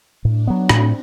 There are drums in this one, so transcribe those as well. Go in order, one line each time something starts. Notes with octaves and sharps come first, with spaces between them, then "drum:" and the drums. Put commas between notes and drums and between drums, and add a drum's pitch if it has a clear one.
A2 D4
F#3 B3
A2 C4, drum: rim click